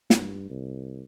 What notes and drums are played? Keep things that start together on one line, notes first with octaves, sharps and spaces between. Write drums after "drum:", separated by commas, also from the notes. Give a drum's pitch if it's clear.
G2, drum: snare
C2